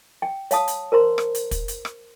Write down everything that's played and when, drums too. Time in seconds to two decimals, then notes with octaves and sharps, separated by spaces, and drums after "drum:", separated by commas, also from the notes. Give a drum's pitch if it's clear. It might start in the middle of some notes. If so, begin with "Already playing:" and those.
0.22 G5
0.51 C#5 F5 A5 D#6, drum: hi-hat
0.68 drum: hi-hat
0.92 A#4 C5 A#5 C6
1.18 drum: rim click
1.35 drum: hi-hat
1.51 drum: kick, hi-hat
1.68 drum: hi-hat
1.85 drum: rim click